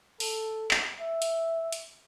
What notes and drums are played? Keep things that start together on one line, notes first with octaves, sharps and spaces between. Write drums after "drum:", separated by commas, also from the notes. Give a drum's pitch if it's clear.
A4, drum: open hi-hat
drum: clap
E5
drum: hi-hat
drum: hi-hat